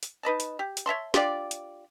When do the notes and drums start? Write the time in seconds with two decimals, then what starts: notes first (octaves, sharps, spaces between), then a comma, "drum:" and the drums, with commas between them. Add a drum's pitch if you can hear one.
0.03 drum: hi-hat
0.23 D#4 B4 D#5 A5
0.40 drum: hi-hat
0.59 G4
0.77 drum: hi-hat
0.86 C#5 E5 A5 C6
1.14 D4 F4 G4 D5, drum: snare
1.51 drum: hi-hat